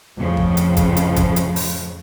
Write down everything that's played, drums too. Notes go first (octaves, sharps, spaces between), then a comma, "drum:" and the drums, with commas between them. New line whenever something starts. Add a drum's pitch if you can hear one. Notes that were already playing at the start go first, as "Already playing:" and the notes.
F2 A2 C#3 F3
drum: kick
drum: hi-hat
drum: kick, hi-hat
drum: hi-hat
drum: kick, hi-hat
drum: hi-hat
drum: open hi-hat